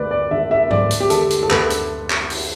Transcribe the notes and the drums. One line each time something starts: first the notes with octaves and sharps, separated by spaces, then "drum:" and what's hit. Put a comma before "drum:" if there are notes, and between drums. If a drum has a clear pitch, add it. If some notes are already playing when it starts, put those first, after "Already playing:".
Already playing: D2 D3 B4 D5
D5
D3 E5
E5
D2 D5, drum: tom G#2
drum: hi-hat
G4
D3 A4, drum: hi-hat
drum: hi-hat
A4
D2 B4, drum: clap
drum: hi-hat
drum: clap
drum: open hi-hat